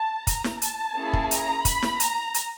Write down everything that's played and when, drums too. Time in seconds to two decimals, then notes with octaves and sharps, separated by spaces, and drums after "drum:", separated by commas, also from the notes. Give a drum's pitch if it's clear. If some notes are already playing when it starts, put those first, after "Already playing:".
Already playing: A5
0.27 A#5, drum: kick, hi-hat
0.44 drum: snare
0.62 A5, drum: hi-hat
0.97 A#3 C#4 E4 G#4
1.13 drum: kick
1.31 A#5, drum: hi-hat
1.65 B5, drum: kick, hi-hat
1.83 drum: snare
2.00 A#5, drum: hi-hat
2.34 drum: hi-hat